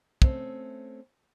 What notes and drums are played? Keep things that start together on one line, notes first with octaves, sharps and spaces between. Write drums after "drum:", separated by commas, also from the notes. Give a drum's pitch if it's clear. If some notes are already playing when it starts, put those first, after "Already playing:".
A3 C4 C#4, drum: kick